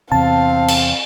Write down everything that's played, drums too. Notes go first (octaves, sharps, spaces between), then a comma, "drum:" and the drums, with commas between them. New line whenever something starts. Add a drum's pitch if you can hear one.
E2 C3 C4 F5 A5
drum: cymbal